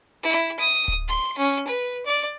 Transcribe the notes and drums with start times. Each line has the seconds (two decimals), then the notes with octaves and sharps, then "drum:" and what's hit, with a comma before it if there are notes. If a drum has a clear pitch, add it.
0.23 E4
0.59 D#6
0.88 drum: kick D1
1.08 C6
1.38 C#4
1.67 B4
2.06 D5